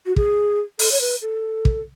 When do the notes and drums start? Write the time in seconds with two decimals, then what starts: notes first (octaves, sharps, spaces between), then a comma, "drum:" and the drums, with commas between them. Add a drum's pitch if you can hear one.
0.06 F#4
0.16 G#4, drum: kick
0.79 A4, drum: open hi-hat
0.92 C#5
1.01 B4
1.22 A4
1.65 drum: kick